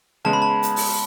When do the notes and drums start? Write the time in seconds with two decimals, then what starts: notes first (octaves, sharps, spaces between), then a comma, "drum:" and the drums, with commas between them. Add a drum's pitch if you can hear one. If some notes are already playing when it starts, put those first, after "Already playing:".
0.25 C#3 G#3 B3 A5
0.33 B5
0.42 A5
0.63 drum: hi-hat
0.76 drum: open hi-hat